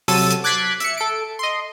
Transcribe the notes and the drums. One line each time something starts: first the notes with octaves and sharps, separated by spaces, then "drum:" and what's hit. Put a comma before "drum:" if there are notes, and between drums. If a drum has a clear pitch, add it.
C3 F#3 A4 E6 A6 D#7, drum: open hi-hat
drum: hi-hat
D6 F#6 G#6 A6 B6 C7
E5 C#7, drum: hi-hat
A4 D7
D#5 C6